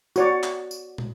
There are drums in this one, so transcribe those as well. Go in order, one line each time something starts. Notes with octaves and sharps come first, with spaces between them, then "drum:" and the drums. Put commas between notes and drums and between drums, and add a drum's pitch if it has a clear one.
F#4 C#5 D5, drum: tambourine
drum: clap
drum: tambourine
drum: tom